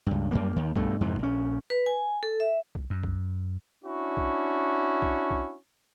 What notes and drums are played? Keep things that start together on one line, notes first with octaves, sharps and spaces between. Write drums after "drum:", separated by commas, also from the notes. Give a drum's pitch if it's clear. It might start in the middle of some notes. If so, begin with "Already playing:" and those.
C#2 G2
F#2 G3 A#3
D#2 D#3
G2 B2 A3, drum: kick B1
F2 G#2 C3 E3
A#1 C#4
B4
G#5
A4
E5
drum: kick B1
F#2
drum: kick B1
C#4 D4 E4 F#4
drum: kick B1
drum: kick B1
drum: kick B1